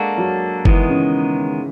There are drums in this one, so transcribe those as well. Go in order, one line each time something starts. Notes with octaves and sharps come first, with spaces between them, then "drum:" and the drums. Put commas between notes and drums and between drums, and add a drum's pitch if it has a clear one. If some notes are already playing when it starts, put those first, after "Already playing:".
Already playing: G#3 A#3 D4 F#4 A4
F#3
D#3 E3 G#3 B3, drum: kick F#1
C#3